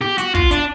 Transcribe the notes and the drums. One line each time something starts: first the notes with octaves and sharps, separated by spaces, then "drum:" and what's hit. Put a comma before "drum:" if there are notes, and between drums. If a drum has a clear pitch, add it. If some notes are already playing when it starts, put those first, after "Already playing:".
G4
F#4, drum: hi-hat
F4, drum: kick
D4, drum: hi-hat